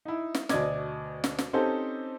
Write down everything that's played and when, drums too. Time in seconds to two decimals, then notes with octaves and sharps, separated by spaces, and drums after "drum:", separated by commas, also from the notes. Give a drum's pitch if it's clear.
0.05 D#4 E4
0.35 drum: snare
0.49 D2 B2 D5 D#5 D6 G#6, drum: snare
1.24 drum: snare
1.39 drum: snare
1.53 C4 C#4 D#4 G4 A4 C5